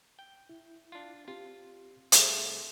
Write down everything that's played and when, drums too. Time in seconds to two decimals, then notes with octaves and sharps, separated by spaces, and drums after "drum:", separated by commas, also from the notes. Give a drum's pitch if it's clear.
0.19 G5
0.49 E4
0.92 D4 F4
1.28 C4 F4 G4
2.12 C3 G3 A3 G#4, drum: hi-hat